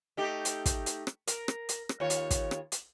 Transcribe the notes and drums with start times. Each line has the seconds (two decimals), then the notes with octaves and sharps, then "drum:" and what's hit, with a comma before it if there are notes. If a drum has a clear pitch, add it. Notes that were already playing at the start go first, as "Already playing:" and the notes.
0.17 A3 D#4 G4
0.45 drum: hi-hat
0.66 drum: kick, hi-hat
0.86 drum: hi-hat
1.07 drum: rim click
1.27 A#4, drum: hi-hat
1.48 drum: rim click
1.69 drum: hi-hat
1.89 drum: rim click
2.00 D#2 F4 C#5
2.10 drum: hi-hat
2.31 drum: kick, hi-hat
2.51 drum: rim click
2.72 drum: hi-hat